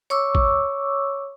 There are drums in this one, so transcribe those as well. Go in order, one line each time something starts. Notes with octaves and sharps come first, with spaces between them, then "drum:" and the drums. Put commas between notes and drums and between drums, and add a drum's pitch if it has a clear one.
C#5 C#6 D6 E6
drum: kick A1